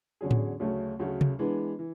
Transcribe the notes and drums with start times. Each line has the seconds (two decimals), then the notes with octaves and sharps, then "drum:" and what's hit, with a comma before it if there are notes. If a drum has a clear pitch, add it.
0.21 E2 D3 F#3 C#4 G#4
0.31 drum: tom A2
0.60 D2 C#3 F#3 A3 C#4
0.99 D2 C#3 F#3 A3 C#4
1.21 drum: tom C3
1.39 E3 G#3 B3 D4
1.79 E3